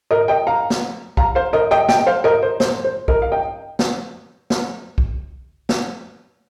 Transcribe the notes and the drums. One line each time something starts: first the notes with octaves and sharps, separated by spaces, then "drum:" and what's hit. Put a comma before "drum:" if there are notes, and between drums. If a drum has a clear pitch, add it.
A#4 D#5
D#5 G5
F5 A#5
drum: snare
F5 A#5, drum: kick
C5 F5
A#4 D#5
D#5 G5
D#5 G5, drum: snare
C5 F5
A#4 D#5
C5
C5, drum: snare
C5
A#4 D#5, drum: kick
F5
D#5 G5
drum: snare
drum: snare
drum: kick
drum: snare